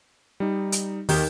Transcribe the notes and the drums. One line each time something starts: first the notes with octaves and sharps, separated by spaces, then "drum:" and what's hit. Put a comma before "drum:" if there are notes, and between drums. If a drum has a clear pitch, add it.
G3 D#4
drum: hi-hat
D#2 D#3 G4 G6, drum: open hi-hat